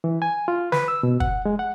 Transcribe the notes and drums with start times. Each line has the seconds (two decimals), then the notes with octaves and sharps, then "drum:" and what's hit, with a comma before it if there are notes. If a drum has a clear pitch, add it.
0.04 E3
0.22 G#5
0.48 F4
0.72 B4, drum: snare
0.88 E6
1.03 B2
1.20 F#5, drum: kick
1.45 G#3
1.59 F#5